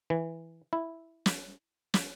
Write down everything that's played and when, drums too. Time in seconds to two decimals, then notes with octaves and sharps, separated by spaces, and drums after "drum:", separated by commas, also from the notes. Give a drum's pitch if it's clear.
0.10 E3
0.73 E4
1.26 drum: snare
1.94 drum: snare